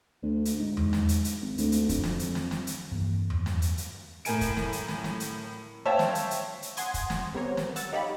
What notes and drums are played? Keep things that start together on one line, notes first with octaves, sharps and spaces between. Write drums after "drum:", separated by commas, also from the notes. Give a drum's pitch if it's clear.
D2
drum: hi-hat
G#2
drum: tom E2
drum: snare
drum: hi-hat
drum: hi-hat
G#1
D2, drum: hi-hat
drum: hi-hat
F2, drum: kick, hi-hat
drum: snare
drum: hi-hat
drum: snare
drum: snare
drum: hi-hat
G2 E3 A#3
drum: tom E2
drum: snare
drum: hi-hat
drum: hi-hat
A2 A#4 G#5 D7, drum: hi-hat
drum: kick, hi-hat
drum: snare
drum: hi-hat
drum: snare
drum: snare
drum: hi-hat
C5 C#5 E5 F5 G5 A5
drum: snare
drum: hi-hat
drum: hi-hat
drum: hi-hat
F#5 G#5 C6 D#6 G#6, drum: hi-hat
drum: kick, hi-hat
drum: snare
G3 B3 C4 A#4 C#5
drum: snare
F#5 E6 A6, drum: hi-hat
D#4 G4 C#5 F5 B5